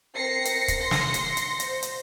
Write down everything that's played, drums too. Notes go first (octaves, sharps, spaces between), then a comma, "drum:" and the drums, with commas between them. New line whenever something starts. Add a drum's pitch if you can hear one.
C4 A#4 A#6 C7 C#7
drum: hi-hat
drum: kick, hi-hat
C6 A#6 C7 C#7
drum: snare
drum: hi-hat
drum: hi-hat
C5, drum: hi-hat
drum: hi-hat